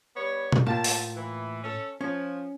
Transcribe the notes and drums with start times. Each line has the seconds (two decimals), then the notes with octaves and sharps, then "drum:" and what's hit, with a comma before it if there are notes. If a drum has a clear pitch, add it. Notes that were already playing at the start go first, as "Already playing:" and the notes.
0.16 G3 B3 C#5
0.52 drum: tom B2
0.66 A2 A#3 F4 A5
0.84 drum: open hi-hat
1.17 E3
1.64 C#4 A4
2.01 F3 C#4